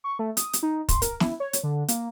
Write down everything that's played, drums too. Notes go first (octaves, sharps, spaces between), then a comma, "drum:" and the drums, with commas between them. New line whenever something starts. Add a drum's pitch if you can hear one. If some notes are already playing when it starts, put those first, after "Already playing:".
C#6
A3
D#6, drum: hi-hat
drum: hi-hat
D#4
C6, drum: kick, hi-hat
A#4, drum: hi-hat
E4, drum: snare
C#5
drum: hi-hat
D3
A#3, drum: hi-hat